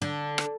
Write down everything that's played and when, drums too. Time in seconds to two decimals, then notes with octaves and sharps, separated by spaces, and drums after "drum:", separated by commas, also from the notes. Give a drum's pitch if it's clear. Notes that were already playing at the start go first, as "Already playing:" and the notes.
0.02 D3
0.38 drum: rim click